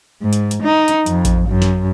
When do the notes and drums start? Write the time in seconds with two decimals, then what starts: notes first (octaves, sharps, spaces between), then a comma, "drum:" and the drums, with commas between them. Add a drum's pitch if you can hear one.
0.22 G#2
0.33 drum: hi-hat
0.51 drum: hi-hat
0.63 D#4
0.88 drum: hi-hat
1.06 F2, drum: hi-hat
1.25 drum: kick A1, hi-hat
1.48 F#2
1.62 drum: snare